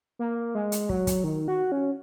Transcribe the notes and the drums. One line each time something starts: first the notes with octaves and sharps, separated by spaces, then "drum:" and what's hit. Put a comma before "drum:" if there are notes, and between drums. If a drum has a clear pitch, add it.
A#3
G#3
drum: hi-hat
F#3, drum: kick
drum: kick, hi-hat
D#3
F#4
C#4